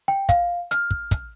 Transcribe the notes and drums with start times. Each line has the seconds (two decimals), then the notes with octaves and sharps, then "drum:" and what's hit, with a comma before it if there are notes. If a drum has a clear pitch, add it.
0.08 G5
0.29 F5, drum: kick, hi-hat
0.71 F6, drum: hi-hat
0.91 drum: kick
1.11 drum: kick, hi-hat